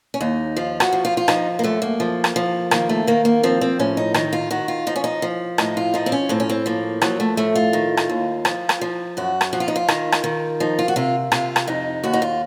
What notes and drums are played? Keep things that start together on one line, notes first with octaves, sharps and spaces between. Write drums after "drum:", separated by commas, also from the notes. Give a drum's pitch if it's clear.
C#4
D#2 D#4
F3 F4
F#4, drum: rim click
F3
F4
F4
F3 D#4, drum: rim click
A#3
F#2 A3
A#3
F3
drum: rim click
F3
D#3 A#3, drum: rim click
A3
D#3 A#3
A#3
F3 C4
C4
A2 C#4
D#4
D#3 D#4, drum: rim click
F4
D#3 F#4
F4
F3 D#4
C#4
D#4
F3
A2 D#4, drum: rim click
F4
F3 D#4
C4
C#4
A2 C4
C#4
C4
F3 A#3
F3 F#3, drum: rim click
A3
A2 A3
F4
D#3
drum: rim click
D#2
F3, drum: rim click
drum: rim click
F3
F#2 F#4
drum: rim click
F3 F#4
F4
D#4
F4
D#3, drum: rim click
drum: rim click
D#3
F3 D#4
F4
F#4
C3 F4
C3 F4, drum: rim click
drum: rim click
F2 D#4
D#2 F#4
D#4
F4